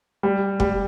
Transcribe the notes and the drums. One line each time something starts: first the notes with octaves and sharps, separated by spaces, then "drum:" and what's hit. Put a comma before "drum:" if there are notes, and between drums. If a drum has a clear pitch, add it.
G3
G3, drum: kick F#1